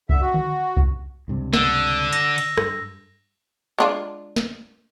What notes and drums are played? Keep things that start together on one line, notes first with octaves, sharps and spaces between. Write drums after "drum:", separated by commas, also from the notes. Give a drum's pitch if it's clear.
D3 E5, drum: kick C2
F#4
drum: tom D3
drum: kick C2
C#2 G2 C3
D3 E6, drum: snare
A#6, drum: hi-hat
drum: cymbal
G2, drum: rim click
G#3 D4 F4
drum: snare